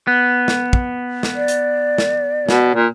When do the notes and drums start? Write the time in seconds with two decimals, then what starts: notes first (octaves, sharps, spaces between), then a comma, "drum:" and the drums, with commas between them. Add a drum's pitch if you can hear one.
0.07 B3
0.48 drum: snare
0.73 drum: kick
1.23 drum: snare
1.35 D5
1.48 drum: hi-hat
1.98 drum: snare
2.49 B2, drum: snare
2.75 A#2